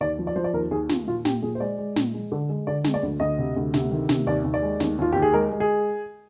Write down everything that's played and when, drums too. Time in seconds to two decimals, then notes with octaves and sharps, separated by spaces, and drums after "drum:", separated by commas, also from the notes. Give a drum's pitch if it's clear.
0.01 D#2 D5
0.19 F3
0.27 D5
0.36 F3 C5
0.44 D5
0.53 D#2 A#4
0.71 D#2 G#4
0.89 D#2 F4, drum: snare
1.07 A#2 F4
1.25 A#2 G4, drum: snare
1.42 A#2 G#4
1.55 C5
1.60 G#3 D5
1.78 G#3
1.96 A#2, drum: snare
2.14 G#3
2.32 D3
2.49 G#3
2.67 D3 D5
2.84 G#3, drum: snare
2.94 D5
3.03 D2
3.20 D2 D#5
3.39 C3
3.56 D2
3.74 C3, drum: snare
3.91 D#3
4.09 C3, drum: snare
4.27 D#2 D5
4.44 D#2
4.54 D5
4.62 G#3
4.80 D#2, drum: snare
4.98 D#2 F4
5.13 D#2 G4
5.22 G#4
5.33 G#3 A#4
5.51 G#3
5.60 G#4